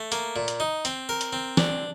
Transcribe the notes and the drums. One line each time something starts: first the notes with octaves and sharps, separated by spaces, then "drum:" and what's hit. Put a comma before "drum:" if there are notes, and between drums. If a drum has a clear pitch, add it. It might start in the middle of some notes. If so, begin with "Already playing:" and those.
Already playing: A3
A#3, drum: hi-hat
A#2
drum: hi-hat
D#4
C4, drum: hi-hat
A#4
drum: hi-hat
C4
D4, drum: snare